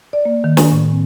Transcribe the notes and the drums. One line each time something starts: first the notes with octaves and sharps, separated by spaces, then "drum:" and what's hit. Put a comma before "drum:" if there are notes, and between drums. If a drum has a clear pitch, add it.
D5
A#3
D#3
G#5, drum: snare
A2
C4